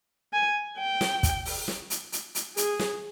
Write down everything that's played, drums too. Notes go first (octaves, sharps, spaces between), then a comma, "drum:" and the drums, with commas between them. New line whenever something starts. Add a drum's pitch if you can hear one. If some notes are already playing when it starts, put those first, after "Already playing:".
G#5
G5
drum: snare
drum: kick, hi-hat
drum: open hi-hat
drum: snare
drum: hi-hat
drum: hi-hat
drum: hi-hat
G#4, drum: hi-hat
drum: snare